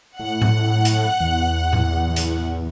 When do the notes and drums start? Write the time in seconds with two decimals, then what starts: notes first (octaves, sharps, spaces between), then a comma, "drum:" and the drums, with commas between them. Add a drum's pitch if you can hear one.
0.20 A2 F#5
0.41 drum: tom A2
0.85 drum: hi-hat
1.20 E2
1.73 drum: tom A2
2.16 drum: hi-hat